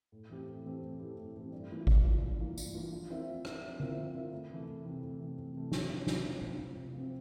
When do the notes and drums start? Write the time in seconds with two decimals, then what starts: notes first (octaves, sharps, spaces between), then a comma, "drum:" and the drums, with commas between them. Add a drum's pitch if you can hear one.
0.12 A2
0.30 E3 A3 C4 G4
0.48 A2
0.65 E3 A3 C4 G4
0.82 A2
1.00 E3 A3 C4 G4
1.17 A2
1.35 E3 A3 C4 G4
1.52 G2
1.70 E3 A#3 F4
1.87 G2, drum: kick G1
2.04 E3 A#3 F4
2.22 G2
2.39 E3 A#3 F4
2.58 G2, drum: tambourine
2.75 E3 A#3 F4
2.92 F3
3.10 C4 F4 A#4 E5
3.27 F3
3.45 C4 F4 A#4 E5, drum: rim click
3.62 F3
3.80 C4 F4 A#4 E5, drum: tom D3
3.97 F3
4.14 C4 F4 A#4 E5
4.32 D2
4.50 C3 E3 A3
4.68 D2
4.85 C3 E3 A3
5.02 D2
5.19 C3 E3 A3
5.37 D2
5.54 C3 E3 A3
5.72 C3, drum: snare
5.90 F3 C4
6.07 C3, drum: snare
6.24 F3 C4
6.42 C3, drum: tom
6.59 F3 C4
6.77 C3
6.94 F3 C4